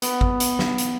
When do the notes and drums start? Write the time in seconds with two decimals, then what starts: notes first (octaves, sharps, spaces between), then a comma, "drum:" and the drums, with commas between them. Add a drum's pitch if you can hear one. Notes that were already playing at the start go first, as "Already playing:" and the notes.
0.02 B3, drum: hi-hat
0.21 drum: kick G#1
0.40 drum: hi-hat
0.59 drum: snare
0.78 drum: hi-hat